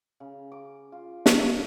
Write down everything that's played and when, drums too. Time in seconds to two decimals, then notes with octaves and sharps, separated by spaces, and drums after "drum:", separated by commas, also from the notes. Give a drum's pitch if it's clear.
0.20 C#3
0.52 D6
0.92 F4
1.26 G5, drum: snare
1.43 G4